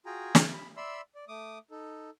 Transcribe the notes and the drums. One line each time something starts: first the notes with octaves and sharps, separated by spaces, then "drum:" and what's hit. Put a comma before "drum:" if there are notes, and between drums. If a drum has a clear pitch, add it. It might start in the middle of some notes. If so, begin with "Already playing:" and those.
F4 F#4 G#4 G5 G#5 A#5
drum: snare
B5
D5 E5 B5 C6 E6
D5
A3 D6 D#6
D#4 A4